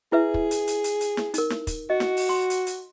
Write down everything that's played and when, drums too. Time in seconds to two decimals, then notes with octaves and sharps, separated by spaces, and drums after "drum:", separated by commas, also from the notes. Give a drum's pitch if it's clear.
0.12 E4 G#4 B4 E5
0.34 drum: kick
0.51 drum: hi-hat
0.67 drum: hi-hat
0.84 drum: hi-hat
1.01 drum: hi-hat
1.17 drum: snare
1.34 D#4 A#4, drum: hi-hat
1.50 drum: snare
1.67 drum: kick, hi-hat
1.90 F#4 D#5
2.00 drum: snare
2.17 drum: open hi-hat
2.29 C6
2.50 drum: hi-hat
2.67 drum: hi-hat